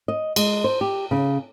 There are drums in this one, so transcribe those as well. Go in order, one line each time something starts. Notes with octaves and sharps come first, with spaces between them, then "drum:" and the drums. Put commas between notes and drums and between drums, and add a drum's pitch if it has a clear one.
D#5
G#3, drum: cymbal
C5
G4
C#3